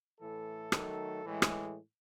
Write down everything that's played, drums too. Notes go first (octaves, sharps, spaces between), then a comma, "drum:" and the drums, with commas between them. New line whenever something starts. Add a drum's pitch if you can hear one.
A2 E3 A3 A4
D#3 F#3 A3, drum: rim click
A2 E3 G#3
drum: rim click